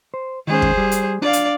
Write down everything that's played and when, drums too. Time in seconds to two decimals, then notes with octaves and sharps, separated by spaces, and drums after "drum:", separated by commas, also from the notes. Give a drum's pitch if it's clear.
0.14 C5
0.47 D#3 G#3 C#4 G#4 C5
0.62 drum: kick
0.77 G3
0.92 drum: hi-hat
1.22 D4 D5 F5
1.33 drum: hi-hat